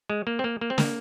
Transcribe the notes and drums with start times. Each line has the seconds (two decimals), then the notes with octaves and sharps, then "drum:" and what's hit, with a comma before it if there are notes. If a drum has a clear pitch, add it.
0.10 G#3
0.27 A#3
0.39 C4
0.44 A#3
0.61 A#3
0.70 C4
0.78 A#3, drum: snare